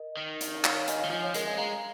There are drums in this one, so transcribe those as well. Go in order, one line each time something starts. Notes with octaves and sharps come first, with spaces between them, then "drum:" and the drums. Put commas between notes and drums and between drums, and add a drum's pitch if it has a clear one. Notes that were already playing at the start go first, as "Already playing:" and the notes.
Already playing: A#4 D#5
D#3
drum: hi-hat
C#5 F5, drum: clap
C#5 F5
D#5 G#5, drum: hi-hat
C#5 F5
D#3
F3 D#5 G#5
C#5 F5
G#3 A#4 D#5, drum: hi-hat
D#5 G#5
G#3 F5 A#5